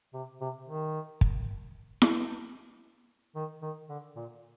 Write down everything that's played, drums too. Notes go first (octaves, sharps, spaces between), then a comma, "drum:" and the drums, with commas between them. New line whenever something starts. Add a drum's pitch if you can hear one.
C3
C3
D#3
drum: kick
drum: snare E4
D#3
D#3
D3
A#2